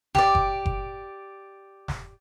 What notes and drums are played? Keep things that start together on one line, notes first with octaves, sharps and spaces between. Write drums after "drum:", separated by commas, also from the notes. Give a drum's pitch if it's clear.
G4 D5, drum: snare
drum: kick F#1
drum: kick F#1
drum: snare